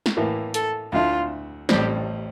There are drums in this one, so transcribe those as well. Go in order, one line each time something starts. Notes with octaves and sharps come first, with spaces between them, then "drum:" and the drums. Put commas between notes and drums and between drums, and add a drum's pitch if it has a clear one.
drum: snare
A2 E3 A#3 E4
A4, drum: hi-hat
D2 D3 A3 E4 F4
A1 A2 G3 C4 G4, drum: snare